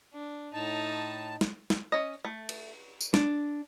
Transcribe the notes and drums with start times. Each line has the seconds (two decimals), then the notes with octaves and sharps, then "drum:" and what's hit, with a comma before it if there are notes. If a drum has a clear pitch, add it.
0.13 D4
0.53 A2 D#4 A5
1.41 drum: snare
1.70 drum: snare
1.92 C#4 D#5
2.25 A3
2.49 drum: cymbal
3.01 drum: tambourine
3.14 D4, drum: snare